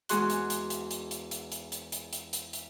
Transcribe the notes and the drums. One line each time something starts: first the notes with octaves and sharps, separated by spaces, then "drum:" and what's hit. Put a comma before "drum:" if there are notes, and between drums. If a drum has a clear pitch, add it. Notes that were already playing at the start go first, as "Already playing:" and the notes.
E2 G#3 F#4 G#4 C6 F#6, drum: hi-hat
drum: hi-hat
drum: hi-hat
drum: hi-hat
drum: hi-hat
drum: hi-hat
drum: hi-hat
drum: hi-hat
drum: hi-hat
drum: hi-hat
drum: hi-hat
drum: hi-hat
drum: hi-hat